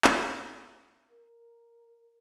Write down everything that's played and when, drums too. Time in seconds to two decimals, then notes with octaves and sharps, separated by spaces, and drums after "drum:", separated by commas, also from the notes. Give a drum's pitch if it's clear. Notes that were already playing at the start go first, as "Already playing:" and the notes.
0.04 drum: clap
1.10 A#4